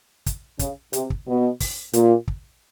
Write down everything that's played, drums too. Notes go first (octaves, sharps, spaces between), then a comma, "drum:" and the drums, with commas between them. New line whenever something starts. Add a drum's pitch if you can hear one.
drum: kick, hi-hat
C#3, drum: kick, hi-hat
C3, drum: hi-hat
drum: kick
B2
drum: kick, open hi-hat
A#2, drum: hi-hat
drum: kick